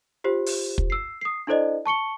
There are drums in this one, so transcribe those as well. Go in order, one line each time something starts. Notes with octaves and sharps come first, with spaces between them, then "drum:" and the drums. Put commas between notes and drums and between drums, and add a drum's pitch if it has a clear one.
F4 G4 C5
drum: open hi-hat
drum: kick
E6 C7
D#6 C7
D4 E4 A4 C5 D5 D#5
A5 C#6 C#7 G7